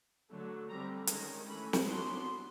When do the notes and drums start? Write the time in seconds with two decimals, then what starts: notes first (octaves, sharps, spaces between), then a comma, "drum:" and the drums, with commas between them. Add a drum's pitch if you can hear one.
0.31 D3 F#3 A3
0.70 D3 G3 C4 A#5
1.07 D#3 G#3 C#4 A#5, drum: hi-hat
1.46 E3 A3 C#4 B5
1.73 drum: snare
1.84 F#3 B3 D4 C6